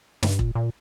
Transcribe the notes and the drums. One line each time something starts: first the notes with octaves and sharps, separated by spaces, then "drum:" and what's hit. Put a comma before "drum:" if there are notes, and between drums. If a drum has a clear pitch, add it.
G2, drum: snare
A#2, drum: kick E1
A#2